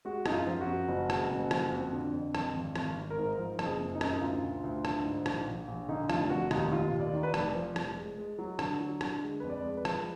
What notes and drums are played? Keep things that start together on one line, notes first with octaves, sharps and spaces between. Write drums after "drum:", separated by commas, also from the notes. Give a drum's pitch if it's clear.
G#3 F#4
F#2 D#4, drum: rim click
F4
F3
F#4
F#2
F#1
G#3, drum: rim click
F#1
F3, drum: rim click
F2
D3
F2
F2, drum: rim click
G#1
G#1, drum: rim click
G#1
A#4
G#2
F3
F#1, drum: rim click
G#4
F#2
D#4
F#2, drum: rim click
D#4
D2 F4
D2
D2
D3, drum: rim click
G#2
A#1, drum: rim click
A#1
A#1
D3 D#4
F1 F4, drum: rim click
F1 F#4
D#2 D#4, drum: rim click
D#2 F4
D#2
D5
D#3
B4
D5
F1, drum: rim click
F3
F1, drum: rim click
G#3
G#3
F#3
D3, drum: rim click
F#3
D3, drum: rim click
G#3
F2 B4
D5
G#3
B4
F3, drum: rim click
B4